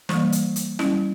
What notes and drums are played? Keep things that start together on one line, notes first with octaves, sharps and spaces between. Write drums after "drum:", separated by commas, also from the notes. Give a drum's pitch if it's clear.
E3 G3 A#3, drum: snare
drum: hi-hat
drum: hi-hat
G3 C#4 E4, drum: snare